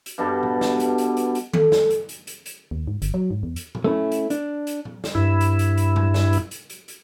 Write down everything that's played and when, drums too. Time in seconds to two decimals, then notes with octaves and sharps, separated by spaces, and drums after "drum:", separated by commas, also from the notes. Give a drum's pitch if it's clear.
0.06 drum: hi-hat
0.18 G2 B2 G3 A4
0.43 drum: tom A#2
0.61 drum: snare
0.80 drum: hi-hat
0.98 drum: hi-hat
1.17 drum: hi-hat
1.35 drum: hi-hat
1.54 A4, drum: tom D#3
1.72 drum: snare
1.90 drum: hi-hat
2.09 drum: hi-hat
2.27 drum: hi-hat
2.46 drum: hi-hat
2.71 D#2
2.88 G#2
3.02 G1, drum: hi-hat
3.14 F#3
3.31 G#2
3.43 E2
3.56 drum: hi-hat
3.75 drum: tom A#2
3.84 A3 C#4 E4
4.12 drum: hi-hat
4.30 D4, drum: hi-hat
4.67 drum: hi-hat
4.85 drum: tom A#2
5.04 drum: snare
5.15 G2 E4
5.41 drum: hi-hat
5.59 drum: hi-hat
5.77 drum: hi-hat
5.96 drum: tom A2
6.14 drum: snare
6.33 drum: hi-hat
6.51 drum: hi-hat
6.70 drum: hi-hat
6.88 drum: hi-hat